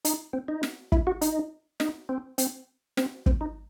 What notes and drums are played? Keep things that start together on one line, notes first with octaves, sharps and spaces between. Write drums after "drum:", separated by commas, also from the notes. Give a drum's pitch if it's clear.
D#4, drum: hi-hat
C4
D#4
drum: snare
E4, drum: kick
F#4
D#4, drum: hi-hat
D#4, drum: snare
C4
C4, drum: hi-hat
C4, drum: snare
C4, drum: kick
D#4